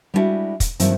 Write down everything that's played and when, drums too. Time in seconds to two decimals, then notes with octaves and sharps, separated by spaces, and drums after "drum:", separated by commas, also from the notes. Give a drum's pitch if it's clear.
0.14 G3 G#3 B3 D4 E4 F#4
0.60 drum: kick, hi-hat
0.80 G2 D#3 F3 F#3 C4 E4, drum: hi-hat